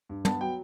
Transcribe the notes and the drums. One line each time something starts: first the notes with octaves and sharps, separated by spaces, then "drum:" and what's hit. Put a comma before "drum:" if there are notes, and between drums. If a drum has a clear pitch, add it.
G2
B3 A5, drum: tom
F#3 G5